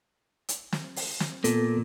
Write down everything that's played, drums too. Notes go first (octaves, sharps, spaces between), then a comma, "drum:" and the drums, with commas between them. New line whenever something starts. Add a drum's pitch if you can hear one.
drum: hi-hat
drum: snare
drum: open hi-hat
drum: snare
A#2 B3 A4, drum: hi-hat